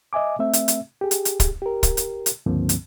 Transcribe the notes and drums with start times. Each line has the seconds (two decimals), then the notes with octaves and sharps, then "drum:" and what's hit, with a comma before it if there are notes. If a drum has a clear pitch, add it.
0.13 D#5 E5 G#5 D6
0.39 A3 C4 E5
0.53 drum: hi-hat
0.68 drum: hi-hat
1.01 G4 G#4
1.11 drum: hi-hat
1.25 drum: hi-hat
1.40 drum: kick, hi-hat
1.62 G4 A#4
1.83 drum: kick, hi-hat
1.97 drum: hi-hat
2.26 drum: hi-hat
2.46 C#2 G2 D3 F3 A#3 C4
2.69 drum: hi-hat